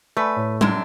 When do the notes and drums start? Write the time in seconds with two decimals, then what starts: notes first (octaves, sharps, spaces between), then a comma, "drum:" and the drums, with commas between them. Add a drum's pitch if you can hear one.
0.17 A3 B4 D5 G#5 B5
0.36 A2 C#5
0.61 F#2 C3 D4 G#6, drum: tom G3